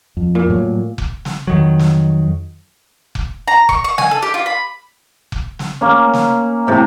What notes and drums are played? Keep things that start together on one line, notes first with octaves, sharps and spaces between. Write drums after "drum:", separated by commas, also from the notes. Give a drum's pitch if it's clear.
F2
A#2
A2 F#3
drum: kick F1
drum: snare
F2 D#3 F#3
drum: snare
drum: kick F1
A#5
C#6, drum: kick F1
C#6
G#5, drum: snare
A4
G4
F4
B5
drum: kick F1
drum: snare
A#3 C#4
drum: snare
A2 C3 G#5